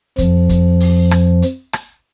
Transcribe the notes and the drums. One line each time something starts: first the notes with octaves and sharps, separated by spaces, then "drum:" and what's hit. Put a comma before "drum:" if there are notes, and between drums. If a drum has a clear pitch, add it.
F2 F3, drum: kick, hi-hat
drum: kick, hi-hat
drum: open hi-hat
drum: rim click
drum: hi-hat
drum: rim click